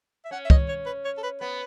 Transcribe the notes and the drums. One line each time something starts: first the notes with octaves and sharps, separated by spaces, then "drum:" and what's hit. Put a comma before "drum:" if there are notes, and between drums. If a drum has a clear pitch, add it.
E5
C#4 F#5
E5
D#5, drum: kick
C#5
B4
C#5
A4
B4
B3 B4